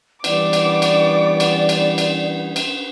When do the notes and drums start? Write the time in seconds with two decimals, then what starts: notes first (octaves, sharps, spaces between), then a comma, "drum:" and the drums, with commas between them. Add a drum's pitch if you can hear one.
0.24 E3 G3 B3 D5 D6, drum: cymbal
0.53 drum: cymbal
0.82 drum: cymbal
1.40 drum: cymbal
1.69 drum: cymbal
1.98 drum: cymbal
2.56 drum: cymbal